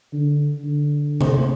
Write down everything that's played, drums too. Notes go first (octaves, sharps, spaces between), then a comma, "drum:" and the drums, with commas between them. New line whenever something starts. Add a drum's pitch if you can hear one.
D3
D3
drum: tom C3